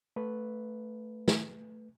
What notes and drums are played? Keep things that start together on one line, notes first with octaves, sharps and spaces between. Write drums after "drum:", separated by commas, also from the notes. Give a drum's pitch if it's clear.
A3 B4
drum: snare